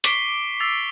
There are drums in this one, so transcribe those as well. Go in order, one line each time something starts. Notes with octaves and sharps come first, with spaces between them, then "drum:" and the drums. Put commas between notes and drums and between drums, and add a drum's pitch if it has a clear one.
C#6 D6 B6 C7 D7 G7, drum: hi-hat
E6 A6 C7 F7